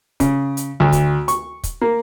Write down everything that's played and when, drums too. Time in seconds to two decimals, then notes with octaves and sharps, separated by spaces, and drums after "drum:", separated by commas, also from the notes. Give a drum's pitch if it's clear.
0.20 C#3, drum: kick, hi-hat
0.57 drum: hi-hat
0.80 D2
0.92 drum: kick, hi-hat
1.28 C#6, drum: hi-hat
1.64 drum: kick, hi-hat
1.81 A#3